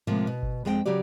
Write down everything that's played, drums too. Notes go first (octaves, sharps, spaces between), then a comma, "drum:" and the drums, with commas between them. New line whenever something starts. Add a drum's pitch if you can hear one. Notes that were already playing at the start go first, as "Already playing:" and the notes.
A2 C3 F3 G#3 A#3
B2
drum: kick G1
F2 G#3 C4 G5
C#3 F#3 F#4 G4 D5